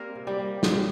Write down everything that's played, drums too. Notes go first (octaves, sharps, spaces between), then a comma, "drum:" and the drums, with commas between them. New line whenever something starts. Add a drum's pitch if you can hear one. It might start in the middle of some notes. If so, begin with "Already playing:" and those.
Already playing: G3 A#3 C4 A#4
C3
G3 G4
A#3
C#3, drum: snare